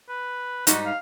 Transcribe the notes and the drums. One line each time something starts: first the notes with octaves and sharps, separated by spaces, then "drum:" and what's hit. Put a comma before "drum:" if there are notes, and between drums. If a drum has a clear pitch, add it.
B4
G#2 G3 D#4 F#4, drum: hi-hat
F5